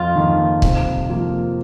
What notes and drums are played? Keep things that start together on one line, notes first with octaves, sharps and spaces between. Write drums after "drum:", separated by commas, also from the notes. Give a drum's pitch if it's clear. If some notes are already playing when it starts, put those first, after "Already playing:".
Already playing: F2 F4
D#3 A#3
C3, drum: kick C#1
F3 A#3